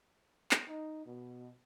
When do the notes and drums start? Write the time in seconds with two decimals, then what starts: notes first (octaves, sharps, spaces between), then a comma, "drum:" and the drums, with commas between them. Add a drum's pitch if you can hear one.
0.51 drum: clap
0.67 D#4
1.06 B2